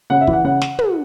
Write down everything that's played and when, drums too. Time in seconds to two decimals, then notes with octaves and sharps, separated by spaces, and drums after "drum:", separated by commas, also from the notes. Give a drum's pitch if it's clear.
0.10 C#3 F#5
0.21 E5
0.27 E3, drum: kick
0.33 F#5
0.44 C#3 F#5
0.62 drum: snare
0.79 drum: tom